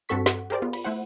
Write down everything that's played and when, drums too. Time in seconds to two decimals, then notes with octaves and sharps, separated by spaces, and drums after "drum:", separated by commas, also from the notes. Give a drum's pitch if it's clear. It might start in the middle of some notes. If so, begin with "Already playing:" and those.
0.09 G2 C4 F#4 A4 C#6 B6
0.26 F#5, drum: snare
0.50 G4 G#4 A#4 C5 D5
0.62 B3 F4
0.73 B5, drum: cymbal
0.84 A3 E4 C5 F#5